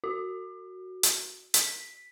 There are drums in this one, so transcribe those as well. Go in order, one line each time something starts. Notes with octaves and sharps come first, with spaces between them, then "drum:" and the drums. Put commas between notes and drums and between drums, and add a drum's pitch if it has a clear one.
F#4
drum: hi-hat
B6, drum: hi-hat